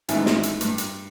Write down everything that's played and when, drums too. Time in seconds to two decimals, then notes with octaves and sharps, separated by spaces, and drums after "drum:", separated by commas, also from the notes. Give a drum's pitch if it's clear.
0.09 A1 F#2 D#3 E3 G#3 E4, drum: hi-hat
0.26 drum: snare
0.43 drum: hi-hat
0.61 G2, drum: hi-hat
0.78 drum: hi-hat